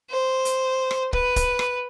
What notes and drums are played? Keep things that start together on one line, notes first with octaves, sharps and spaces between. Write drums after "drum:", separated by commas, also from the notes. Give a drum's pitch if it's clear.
C5
drum: hi-hat
drum: rim click
B4, drum: kick
drum: kick, hi-hat
drum: rim click